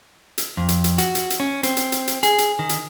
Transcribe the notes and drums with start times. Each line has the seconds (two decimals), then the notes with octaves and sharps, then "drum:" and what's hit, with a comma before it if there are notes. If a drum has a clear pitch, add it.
0.38 drum: hi-hat
0.57 F2
0.69 drum: hi-hat
0.84 drum: hi-hat
0.98 F#4, drum: hi-hat
1.15 drum: hi-hat
1.30 drum: hi-hat
1.40 C#4
1.63 C4, drum: hi-hat
1.77 drum: hi-hat
1.92 drum: hi-hat
2.07 drum: hi-hat
2.23 G#4, drum: hi-hat
2.38 drum: hi-hat
2.59 D#3
2.69 drum: hi-hat